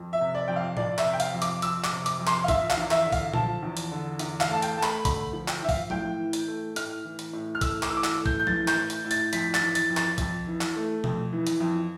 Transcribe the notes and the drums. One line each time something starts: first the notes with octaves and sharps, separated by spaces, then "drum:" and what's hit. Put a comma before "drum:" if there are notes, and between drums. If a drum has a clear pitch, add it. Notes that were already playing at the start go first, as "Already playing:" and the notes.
Already playing: F2
E5
C3
D5
F2 G5
F5
F2 D5, drum: tom A2
E5, drum: clap
C3
G5
F5, drum: hi-hat
F2
D6, drum: hi-hat
F2 E6, drum: hi-hat
D6, drum: clap
C3
D6, drum: hi-hat
F2
C6, drum: clap
F5
F3 E5, drum: kick A#1, hi-hat
F5, drum: clap
E2
E5, drum: clap
D3
F5, drum: kick A#1, open hi-hat
F3 A5, drum: tom A#2
E2
drum: hi-hat
D3
E2, drum: hi-hat
F5, drum: clap
A3
A5
G5, drum: hi-hat
A3 A5
B5, drum: clap
D3 B5, drum: kick A#1, hi-hat
F3
G5, drum: clap
F3 E5
F5, drum: kick A#1, open hi-hat
A2 G5, drum: tom F3
E3
drum: hi-hat
A3
A2 F6, drum: hi-hat
E3
drum: hi-hat
A2
F6
A3 E6, drum: kick A#1, hi-hat
D6, drum: clap
E3 E6
D6
E6, drum: clap
A3
G6, drum: kick A#1
G6
E3 A6, drum: tom F3
G6, drum: clap
A2
drum: hi-hat
A2
A6, drum: hi-hat
F2 B6, drum: hi-hat
A6, drum: clap
E3
A6, drum: hi-hat
F2
A6, drum: clap
F2, drum: kick A#1, hi-hat
E3
drum: clap
A3
F2, drum: tom B2
E3
drum: hi-hat
F2